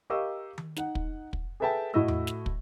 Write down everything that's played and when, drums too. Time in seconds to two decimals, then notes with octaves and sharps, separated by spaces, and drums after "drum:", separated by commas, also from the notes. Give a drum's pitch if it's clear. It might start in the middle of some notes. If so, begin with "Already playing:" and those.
0.10 G4 A#4 D#5 F5 C#6 E6
0.58 drum: tom D#3
0.76 D#4 F#5, drum: snare
0.95 drum: kick
1.33 drum: kick
1.60 G#4 A4 B4 E5 G5 A5
1.94 A2 A3 E4 F#4 D#5 E6
2.08 drum: tom E2
2.27 drum: snare
2.46 drum: kick